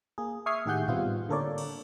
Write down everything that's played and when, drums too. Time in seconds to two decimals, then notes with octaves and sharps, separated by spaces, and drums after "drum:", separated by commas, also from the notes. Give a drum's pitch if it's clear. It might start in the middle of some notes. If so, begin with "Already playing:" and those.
0.18 A#3 G#4
0.46 E5 C#6 D#6 F6 G#6 C7
0.65 A2 D#3 G4 G#4 F#5 G6
0.88 G3 B3 C4 F4 F5, drum: tom G#2
1.29 D3 A#3 A4 A#4 C#5 D5
1.58 drum: cymbal